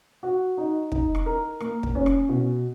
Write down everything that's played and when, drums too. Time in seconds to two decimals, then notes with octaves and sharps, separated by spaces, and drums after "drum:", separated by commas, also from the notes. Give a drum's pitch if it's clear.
0.23 F#4
0.57 D#4
0.92 D#4, drum: kick
1.15 drum: rim click
1.26 A#4
1.60 A#3, drum: rim click
1.83 drum: kick
1.95 C#4
2.06 drum: rim click
2.29 B2